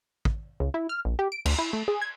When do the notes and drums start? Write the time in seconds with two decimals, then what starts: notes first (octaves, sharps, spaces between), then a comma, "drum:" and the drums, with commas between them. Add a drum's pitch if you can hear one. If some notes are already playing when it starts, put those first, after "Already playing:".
0.25 drum: kick
0.60 C#2
0.74 E4
0.89 F6
1.05 A#1
1.19 G4
1.32 D7
1.45 D2, drum: cymbal
1.59 E4
1.73 A3
1.88 G#4
2.01 G#6